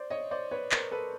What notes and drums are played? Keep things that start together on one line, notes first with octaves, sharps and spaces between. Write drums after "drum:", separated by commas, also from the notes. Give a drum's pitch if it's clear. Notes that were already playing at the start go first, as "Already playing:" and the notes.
Already playing: C5 D5
C#5 D#5
C5 D5
B4 C#5
A#4 C5, drum: clap
A4 B4